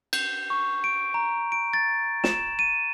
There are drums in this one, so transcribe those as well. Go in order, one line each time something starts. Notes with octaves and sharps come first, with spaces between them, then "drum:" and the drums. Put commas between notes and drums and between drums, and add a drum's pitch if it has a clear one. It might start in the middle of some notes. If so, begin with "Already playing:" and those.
G6, drum: cymbal
C#6
D7
A#5
D7
A6
E7, drum: snare
D#7